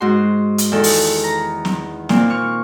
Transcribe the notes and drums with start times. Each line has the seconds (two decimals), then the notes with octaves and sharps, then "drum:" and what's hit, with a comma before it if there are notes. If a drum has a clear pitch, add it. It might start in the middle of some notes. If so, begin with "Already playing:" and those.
0.01 G#2 F#4 C6
0.58 drum: hi-hat
0.72 E2 D#3 A4
0.84 drum: open hi-hat
1.24 A#5
1.65 drum: snare
2.09 A#2 C4, drum: snare
2.30 C#6 F6